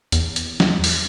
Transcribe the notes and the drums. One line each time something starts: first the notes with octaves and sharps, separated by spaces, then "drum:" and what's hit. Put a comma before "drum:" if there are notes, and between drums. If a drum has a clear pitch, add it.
E2, drum: hi-hat
drum: hi-hat
drum: snare
drum: open hi-hat